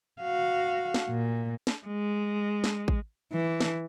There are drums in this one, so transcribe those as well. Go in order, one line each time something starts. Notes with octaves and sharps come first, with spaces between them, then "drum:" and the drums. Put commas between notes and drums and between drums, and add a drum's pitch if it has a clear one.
F#4 F5
drum: snare
A#2
drum: snare
G#3
drum: snare
drum: kick A1
E3
drum: snare